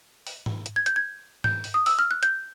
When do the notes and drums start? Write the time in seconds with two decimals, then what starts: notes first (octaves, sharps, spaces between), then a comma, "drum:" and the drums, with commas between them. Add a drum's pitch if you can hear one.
0.27 drum: open hi-hat
0.46 drum: tom G#2
0.66 drum: hi-hat
0.76 G#6
0.86 G6, drum: hi-hat
0.96 G#6
1.44 G6, drum: tom G#2
1.64 drum: open hi-hat
1.74 D#6
1.86 E6, drum: open hi-hat
1.99 F6
2.11 F#6
2.23 G6, drum: hi-hat